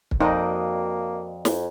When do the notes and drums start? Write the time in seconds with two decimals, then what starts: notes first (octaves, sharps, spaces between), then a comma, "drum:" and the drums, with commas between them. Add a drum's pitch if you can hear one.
0.11 drum: kick
0.20 F2 A#3 D#4 F#4 D5 D#5
1.45 F2, drum: snare